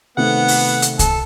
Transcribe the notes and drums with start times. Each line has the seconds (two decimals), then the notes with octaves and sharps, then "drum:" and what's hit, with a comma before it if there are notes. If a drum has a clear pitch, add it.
0.17 C3 D#3 A3 B3 F#5
0.48 drum: open hi-hat
0.82 drum: hi-hat
0.99 A4, drum: kick C2, hi-hat